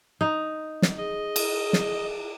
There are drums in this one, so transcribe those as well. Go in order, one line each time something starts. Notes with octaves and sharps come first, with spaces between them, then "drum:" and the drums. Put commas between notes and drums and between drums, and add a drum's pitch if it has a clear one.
D#4
drum: snare
G#4 D#5
drum: cymbal
drum: snare